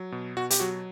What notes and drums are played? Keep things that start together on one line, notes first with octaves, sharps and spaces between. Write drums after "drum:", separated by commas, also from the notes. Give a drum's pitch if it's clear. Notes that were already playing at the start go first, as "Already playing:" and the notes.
Already playing: F#3
B2
B2 F#4
G4, drum: hi-hat
F#3 F#4